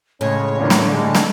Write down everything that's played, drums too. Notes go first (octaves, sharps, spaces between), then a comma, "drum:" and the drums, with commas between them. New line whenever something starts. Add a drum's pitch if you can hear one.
A2 C#3 G#3 C#4 C#5
E2 A#2 D3 A3
drum: snare
G3 G#3 A5
drum: snare